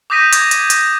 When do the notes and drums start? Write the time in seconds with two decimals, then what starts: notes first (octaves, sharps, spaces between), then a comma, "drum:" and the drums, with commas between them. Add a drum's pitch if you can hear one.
0.10 D6 D#6 G6 A#6 B6 D#7
0.33 D6 G#6, drum: hi-hat
0.51 drum: hi-hat
0.70 drum: hi-hat